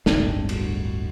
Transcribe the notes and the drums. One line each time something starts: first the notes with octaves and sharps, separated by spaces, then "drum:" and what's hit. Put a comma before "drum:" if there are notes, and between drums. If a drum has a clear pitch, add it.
D1 G1 C4 D4, drum: snare
drum: cymbal